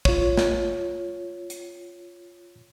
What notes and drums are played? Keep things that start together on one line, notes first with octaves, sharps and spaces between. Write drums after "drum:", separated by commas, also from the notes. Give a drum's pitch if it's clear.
F4 C#5, drum: kick
drum: snare
drum: hi-hat